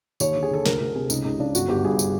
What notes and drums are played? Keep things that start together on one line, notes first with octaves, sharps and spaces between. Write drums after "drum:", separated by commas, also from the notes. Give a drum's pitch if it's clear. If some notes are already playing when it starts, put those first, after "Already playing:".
D#2 C#5, drum: tambourine
D3
G#4
D3 A4
D2 A#4, drum: snare
D2
C3 G#4
C#2 D#4, drum: tambourine
C#2 D#4
C#3 D4
G1 F#4, drum: tambourine
G1 G4
G2 G#4
drum: tambourine